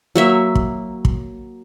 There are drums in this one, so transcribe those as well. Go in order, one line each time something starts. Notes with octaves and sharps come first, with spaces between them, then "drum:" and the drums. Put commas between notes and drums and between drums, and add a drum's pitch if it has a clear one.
F#3 A#3 E5
drum: kick
drum: kick